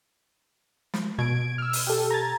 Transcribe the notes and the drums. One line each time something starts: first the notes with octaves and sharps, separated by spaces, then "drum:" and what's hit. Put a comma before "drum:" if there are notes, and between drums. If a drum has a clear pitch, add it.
drum: snare
B2 G#6 D7
E6 F6
drum: open hi-hat
G4 A4
A#5 G#6 A6